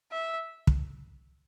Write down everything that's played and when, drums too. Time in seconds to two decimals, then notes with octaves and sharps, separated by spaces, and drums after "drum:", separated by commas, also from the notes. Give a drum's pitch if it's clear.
0.12 E5
0.67 drum: kick